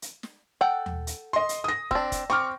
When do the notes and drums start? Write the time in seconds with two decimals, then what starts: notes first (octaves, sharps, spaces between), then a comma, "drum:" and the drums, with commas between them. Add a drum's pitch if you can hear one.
0.02 drum: hi-hat
0.23 drum: snare
0.61 A4 F#5 G5
0.86 drum: tom D#2
1.07 drum: hi-hat
1.33 D#5 C6
1.49 drum: hi-hat
1.64 D#6 A#6
1.91 C4 D4 E6, drum: kick
2.12 drum: kick, hi-hat
2.30 C4 C#6 D6 F6